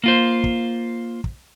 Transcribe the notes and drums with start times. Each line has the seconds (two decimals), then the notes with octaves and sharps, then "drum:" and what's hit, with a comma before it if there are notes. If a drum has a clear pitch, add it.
0.04 A#3 F4 C5
0.44 drum: kick
1.24 drum: kick